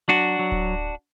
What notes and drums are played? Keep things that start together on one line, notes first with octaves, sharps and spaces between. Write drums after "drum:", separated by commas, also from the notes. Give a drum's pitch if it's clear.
F#3 D4 F#4
F#3
drum: kick D1